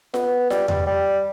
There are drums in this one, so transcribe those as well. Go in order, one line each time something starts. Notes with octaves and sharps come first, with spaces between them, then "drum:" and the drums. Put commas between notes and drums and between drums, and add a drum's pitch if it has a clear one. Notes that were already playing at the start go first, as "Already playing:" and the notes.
B3, drum: snare F4
G3, drum: snare F4
G3, drum: tom E2
G3